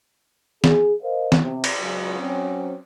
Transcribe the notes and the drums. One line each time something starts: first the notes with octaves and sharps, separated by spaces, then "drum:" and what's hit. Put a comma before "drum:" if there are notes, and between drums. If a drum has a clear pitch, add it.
G#4, drum: snare
A#4 C5 D#5 F5
drum: snare
C3
drum: cymbal
C#2 C#3 F#3
F#3 C4 C#4